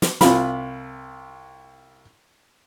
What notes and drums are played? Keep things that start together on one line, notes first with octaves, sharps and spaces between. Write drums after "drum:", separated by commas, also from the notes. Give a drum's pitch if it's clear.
drum: snare
C2 F4 B5, drum: snare